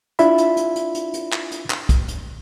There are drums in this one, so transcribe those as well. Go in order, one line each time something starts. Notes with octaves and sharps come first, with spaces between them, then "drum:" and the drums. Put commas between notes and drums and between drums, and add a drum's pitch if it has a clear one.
D4 E4 F4 E5 B5, drum: hi-hat
drum: hi-hat
drum: hi-hat
drum: hi-hat
drum: hi-hat
drum: hi-hat
drum: clap
drum: hi-hat
drum: clap
drum: kick, hi-hat
drum: hi-hat